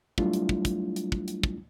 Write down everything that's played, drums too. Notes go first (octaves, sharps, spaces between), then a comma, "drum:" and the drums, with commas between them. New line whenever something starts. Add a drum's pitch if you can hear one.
F#3 G3 A3 D4 E4 F4, drum: kick
drum: hi-hat
drum: kick
drum: kick, hi-hat
drum: hi-hat
drum: kick
drum: hi-hat
drum: kick